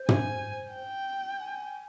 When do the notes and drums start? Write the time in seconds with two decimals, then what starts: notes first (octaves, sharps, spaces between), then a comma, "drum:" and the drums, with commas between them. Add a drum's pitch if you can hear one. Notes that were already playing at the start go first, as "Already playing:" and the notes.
Already playing: C5
0.09 G#5, drum: tom
0.74 G5
1.40 G#5